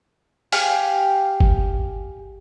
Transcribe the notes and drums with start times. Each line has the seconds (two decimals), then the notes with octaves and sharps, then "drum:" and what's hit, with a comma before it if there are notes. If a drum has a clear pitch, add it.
0.52 G4 F5 G5 G#5, drum: open hi-hat
1.40 drum: kick G1